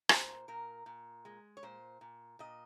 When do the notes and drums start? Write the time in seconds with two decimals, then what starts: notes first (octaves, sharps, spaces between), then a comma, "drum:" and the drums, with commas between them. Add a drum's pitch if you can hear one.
0.09 A#2 C5, drum: rim click
0.48 A#2 A#4
0.86 A#2
1.25 G#3
1.57 C#5
1.63 A#2 C5
2.01 A#2
2.39 A#2 D#5